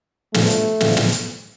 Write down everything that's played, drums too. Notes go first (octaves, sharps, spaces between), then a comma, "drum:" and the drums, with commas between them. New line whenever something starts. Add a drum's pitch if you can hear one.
G2 F3 A3, drum: snare
drum: hi-hat
F2 D3 F3, drum: snare
drum: snare
drum: hi-hat